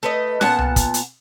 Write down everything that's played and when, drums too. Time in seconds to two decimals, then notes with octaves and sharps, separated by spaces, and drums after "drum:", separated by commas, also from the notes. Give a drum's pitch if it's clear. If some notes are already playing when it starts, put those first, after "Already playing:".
0.03 A3 B4 D#5
0.41 A#2 B3 F#5 A5, drum: snare C#4
0.59 drum: tom C2
0.76 drum: kick, hi-hat
0.94 drum: hi-hat